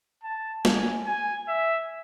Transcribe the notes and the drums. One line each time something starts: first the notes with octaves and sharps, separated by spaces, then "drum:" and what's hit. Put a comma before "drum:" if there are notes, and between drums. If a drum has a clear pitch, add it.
A5
G#5, drum: snare
G#5
E5